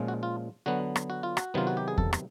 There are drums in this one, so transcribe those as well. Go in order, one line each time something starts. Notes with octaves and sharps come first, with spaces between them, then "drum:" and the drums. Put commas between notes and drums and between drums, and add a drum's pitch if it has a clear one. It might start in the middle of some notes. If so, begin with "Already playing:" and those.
Already playing: A#2 F3 G#3 C#4
F#4
F4
D3 F#3 B3 F#4
drum: rim click
F#4
F4
F#4, drum: rim click
C3 D#3 F#3 B3 F4
F#4
G4
G#4
A4, drum: kick E2
drum: rim click